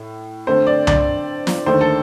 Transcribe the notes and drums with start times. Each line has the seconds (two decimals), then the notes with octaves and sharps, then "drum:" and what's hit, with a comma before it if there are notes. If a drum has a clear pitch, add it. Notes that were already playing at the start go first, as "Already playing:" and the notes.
Already playing: A2
0.47 G2 D3 A3 C4 C5
0.67 D5
0.87 D5, drum: tom C2
1.47 drum: snare
1.66 D#2 D3 A3 C5
1.81 A4